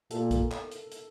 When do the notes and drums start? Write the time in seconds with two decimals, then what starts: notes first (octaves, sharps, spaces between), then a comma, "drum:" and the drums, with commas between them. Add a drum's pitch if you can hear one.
0.11 A#2 A4, drum: hi-hat
0.31 A#4, drum: kick, hi-hat
0.51 drum: clap
0.72 drum: hi-hat
0.92 drum: hi-hat